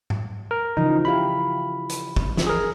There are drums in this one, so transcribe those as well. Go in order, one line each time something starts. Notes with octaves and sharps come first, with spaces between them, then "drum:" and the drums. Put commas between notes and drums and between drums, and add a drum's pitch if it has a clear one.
drum: tom G#2
A#4
C#3 E3 F3 D#4
E4 G4 F5 B5
drum: hi-hat
drum: kick
drum: snare
G#4 A#4